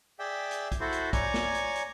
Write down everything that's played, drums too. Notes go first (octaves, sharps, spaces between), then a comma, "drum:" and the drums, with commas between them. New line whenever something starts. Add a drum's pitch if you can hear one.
G#4 D5 E5 G5
drum: hi-hat
drum: kick, hi-hat
E4 F#4 A4 C5
drum: hi-hat
C#5 D5 G#5 A#5, drum: kick, hi-hat
drum: snare
drum: hi-hat
drum: hi-hat